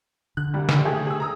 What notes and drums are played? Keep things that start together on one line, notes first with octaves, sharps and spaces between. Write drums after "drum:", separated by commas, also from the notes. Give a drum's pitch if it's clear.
D3 F#6
C2 G3
drum: snare
A3 G4 G#4
G#4 E6
A#5 D#6 E6